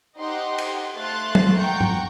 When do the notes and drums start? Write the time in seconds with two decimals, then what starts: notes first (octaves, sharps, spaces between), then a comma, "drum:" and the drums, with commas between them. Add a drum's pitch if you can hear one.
0.17 D#4 G4 C5 D#5 F#5 C6
0.58 drum: cymbal
0.95 A3 C5 F5 C6 F#6 A6
1.35 drum: tom
1.56 F#5 G5 A#5 C#6 G6
1.81 drum: tom